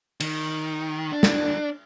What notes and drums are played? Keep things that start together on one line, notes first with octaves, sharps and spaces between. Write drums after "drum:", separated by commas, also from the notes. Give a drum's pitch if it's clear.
D#3, drum: cymbal
D4
drum: snare